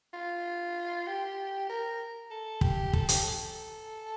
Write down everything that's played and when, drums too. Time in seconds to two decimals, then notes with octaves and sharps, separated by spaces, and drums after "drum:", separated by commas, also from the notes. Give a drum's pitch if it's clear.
0.14 F4
1.07 G4
1.69 A#4
2.31 A4
2.61 G4, drum: kick
2.93 A4, drum: kick
3.09 G4, drum: hi-hat
3.24 A4